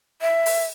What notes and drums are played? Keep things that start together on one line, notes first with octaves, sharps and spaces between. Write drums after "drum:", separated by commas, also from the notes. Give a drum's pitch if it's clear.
E5
drum: open hi-hat